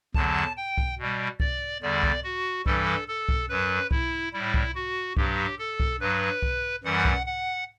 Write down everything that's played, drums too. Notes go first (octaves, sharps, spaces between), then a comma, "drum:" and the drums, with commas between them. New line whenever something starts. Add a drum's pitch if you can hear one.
E2 D3 F#3 A5, drum: kick C2
G5
drum: kick C2
B2 G3
D5, drum: kick C2
E2 D3 G3 D5
drum: kick C2
F#4
G2 E3 G3 A4, drum: kick C2
A4
drum: kick C2
F#2 F#3 B4
E4, drum: kick C2
A2 G3 E4
drum: kick C2
F#4
G2 F#3 G4, drum: kick C2
A4
drum: kick C2
G2 F#3 B4
drum: kick C2
F#2 E3 G3 F#5
drum: kick C2
F#5